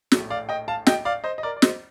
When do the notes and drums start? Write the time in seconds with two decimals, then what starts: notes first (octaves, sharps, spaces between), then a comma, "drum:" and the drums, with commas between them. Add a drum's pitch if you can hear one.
0.12 A#1 A2 A3, drum: snare
0.30 D5 F5
0.49 D#5 G5
0.68 F5 A5
0.87 D#5 G5, drum: snare
1.05 D5 F5
1.24 C5 D#5
1.38 D#5
1.43 A#4 D5
1.57 D5
1.62 C5 D#5, drum: snare